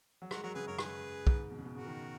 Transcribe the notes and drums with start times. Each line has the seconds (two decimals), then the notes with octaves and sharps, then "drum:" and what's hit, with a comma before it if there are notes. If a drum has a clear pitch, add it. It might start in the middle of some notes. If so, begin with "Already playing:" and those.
0.22 F#3
0.31 G#3 F#4 A#4, drum: rim click
0.43 F#3 F#4 A#4
0.55 C#3 G#4 B4
0.67 F#2 A#4 C#5
0.78 G#4 B4, drum: rim click
1.27 G#2, drum: kick
1.50 B2
1.59 C#3
1.65 B2
1.74 C#3 F#4 A#4
1.87 D#3